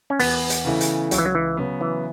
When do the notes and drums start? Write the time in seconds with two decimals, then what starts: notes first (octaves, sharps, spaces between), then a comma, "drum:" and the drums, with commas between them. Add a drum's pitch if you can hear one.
0.10 C#4
0.19 E2 B3, drum: open hi-hat
0.50 drum: hi-hat
0.65 C#3 E3 A3 E4
0.81 drum: hi-hat
1.11 C#2 F#3, drum: hi-hat
1.18 E3
1.25 F#3
1.35 E3
1.57 C#3 F#3 B3
1.81 E3